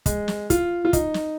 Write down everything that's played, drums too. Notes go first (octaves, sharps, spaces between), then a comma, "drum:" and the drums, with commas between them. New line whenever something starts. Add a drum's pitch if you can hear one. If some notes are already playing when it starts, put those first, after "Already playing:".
G#3, drum: kick, hi-hat
drum: snare
F4, drum: kick, hi-hat
F4
D#4, drum: kick, hi-hat
drum: snare